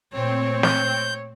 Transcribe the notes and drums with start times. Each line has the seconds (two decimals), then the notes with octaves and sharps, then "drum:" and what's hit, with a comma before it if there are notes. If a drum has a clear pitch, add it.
0.13 A#2 A3 C4 C#5
0.63 G6, drum: snare